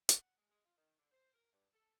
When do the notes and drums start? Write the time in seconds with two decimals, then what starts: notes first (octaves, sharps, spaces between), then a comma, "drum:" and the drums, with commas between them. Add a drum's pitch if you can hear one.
0.09 F#5, drum: hi-hat
0.38 G#3
0.50 G#3
0.65 F4
0.77 D#3
0.99 D3
1.12 C5
1.34 A#4
1.53 G2
1.74 A4